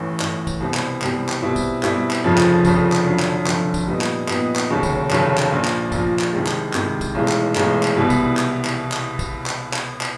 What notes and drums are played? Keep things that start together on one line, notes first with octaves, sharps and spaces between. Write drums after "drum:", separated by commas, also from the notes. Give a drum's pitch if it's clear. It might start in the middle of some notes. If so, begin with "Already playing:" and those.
Already playing: A1 A2 E3
A1 A2 E3, drum: clap
drum: kick, tambourine
C2 B2 G3 C4
drum: clap
C2 B2 G3 C4, drum: clap
drum: clap
B2 G3 C4 E4
drum: kick, tambourine
B2 G3 C4 E4, drum: clap
drum: clap
F1 F2 C#3 F3
drum: clap
F1 F2 C#3 F3, drum: kick, tambourine
drum: clap
F1 F2 D3 F#3
drum: clap
F1 F2 D3 F#3, drum: clap
drum: kick, tambourine
A#2 G3 B3 D#4
drum: clap
A#2 G3 B3 D#4, drum: clap
drum: clap
F1 D#2 C#3 F#3
drum: kick, tambourine
F1 D#2 C#3 F#3, drum: clap
drum: clap
A#1 A#2 F3
drum: clap
A#1 A#2 F3, drum: kick, tambourine
drum: clap
C2 C3 D#3 G#3
drum: clap
C2 C3 D#3 G#3, drum: clap
drum: kick, tambourine
B1 A2 E3 G#3
drum: clap
B1 A2 E3 G#3, drum: clap
drum: clap
C2 B2 G3 B3 E4
drum: kick, tambourine
drum: clap
drum: clap
drum: clap
drum: kick, tambourine
drum: clap
drum: clap
drum: clap